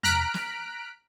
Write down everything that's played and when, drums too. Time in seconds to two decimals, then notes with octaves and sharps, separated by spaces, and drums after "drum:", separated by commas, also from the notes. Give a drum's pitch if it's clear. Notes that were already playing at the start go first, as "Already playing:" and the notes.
0.03 A#5 F6 F#6 B6 D7, drum: tom E2
0.34 drum: snare